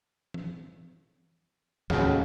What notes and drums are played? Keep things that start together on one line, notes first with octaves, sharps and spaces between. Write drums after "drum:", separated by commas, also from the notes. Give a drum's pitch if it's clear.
drum: tom E3
D#2 A2 C#3 F#3, drum: snare